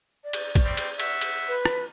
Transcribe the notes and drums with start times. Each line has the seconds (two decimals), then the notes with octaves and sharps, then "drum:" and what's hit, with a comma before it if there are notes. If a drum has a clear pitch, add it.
0.23 D5
0.33 drum: cymbal
0.55 drum: kick A#1, cymbal
0.65 G3 C4
0.77 drum: cymbal
0.99 E5 F#5, drum: cymbal
1.21 drum: cymbal
1.48 B4
1.65 drum: rim click